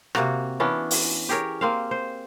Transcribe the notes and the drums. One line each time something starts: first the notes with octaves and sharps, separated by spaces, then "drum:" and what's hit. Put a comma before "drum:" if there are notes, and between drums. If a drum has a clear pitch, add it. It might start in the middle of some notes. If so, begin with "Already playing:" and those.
C3 A#3 F#4, drum: rim click
E3 B3 C#4 D4
drum: open hi-hat
G4 G#4 A#4 C#5
A#3 C4 F5
C5